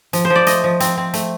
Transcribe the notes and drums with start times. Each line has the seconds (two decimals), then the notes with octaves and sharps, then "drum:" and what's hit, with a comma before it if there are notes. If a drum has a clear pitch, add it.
0.13 F3, drum: hi-hat
0.25 C5
0.30 F3
0.36 D5
0.46 A3 D#5, drum: hi-hat
0.64 F3
0.80 C4, drum: hi-hat
0.98 C4
1.13 A3, drum: hi-hat